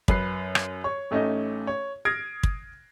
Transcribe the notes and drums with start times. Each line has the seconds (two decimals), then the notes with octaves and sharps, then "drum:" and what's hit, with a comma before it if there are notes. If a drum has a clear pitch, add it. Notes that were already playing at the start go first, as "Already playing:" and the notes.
0.08 F#2 B4 C7, drum: kick
0.55 drum: rim click
0.84 C#5 C#6
1.11 A1 A3 C#4 D#4 D#5
1.67 C#5
2.05 D#6 F6 G#6 A#6 C7 D7
2.43 drum: kick